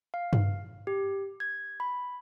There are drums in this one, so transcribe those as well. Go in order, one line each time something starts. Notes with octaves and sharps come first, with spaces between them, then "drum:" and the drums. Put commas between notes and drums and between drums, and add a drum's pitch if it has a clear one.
F5
drum: tom G2
G4
G#6
B5